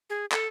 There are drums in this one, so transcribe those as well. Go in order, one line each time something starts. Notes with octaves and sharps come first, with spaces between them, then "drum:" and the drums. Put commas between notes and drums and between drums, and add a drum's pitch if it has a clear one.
G#4
A4, drum: clap